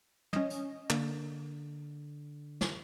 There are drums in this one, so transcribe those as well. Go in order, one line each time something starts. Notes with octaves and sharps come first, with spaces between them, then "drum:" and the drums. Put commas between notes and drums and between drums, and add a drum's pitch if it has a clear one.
C#4 D#5, drum: tom
drum: hi-hat
D3 A#3, drum: clap
drum: snare